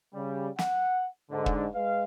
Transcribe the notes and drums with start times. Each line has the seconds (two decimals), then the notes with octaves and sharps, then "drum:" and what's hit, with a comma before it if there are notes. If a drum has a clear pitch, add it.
0.14 C#3 G3
0.59 F#5, drum: snare
1.31 G#2 D3
1.46 drum: kick
1.75 G#3 B4 F5